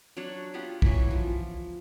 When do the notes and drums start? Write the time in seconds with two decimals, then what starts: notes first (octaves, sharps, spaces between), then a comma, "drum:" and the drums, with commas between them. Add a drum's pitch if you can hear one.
0.17 F#3 D4 C#5 F#5
0.54 B3 F4 G4 F#5
0.82 E3 F#3, drum: kick
1.11 F3